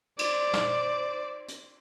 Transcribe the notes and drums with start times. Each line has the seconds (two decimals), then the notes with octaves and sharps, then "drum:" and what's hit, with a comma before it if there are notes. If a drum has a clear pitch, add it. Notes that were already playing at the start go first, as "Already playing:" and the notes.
0.19 C5 D5, drum: cymbal
0.53 drum: snare
1.48 drum: hi-hat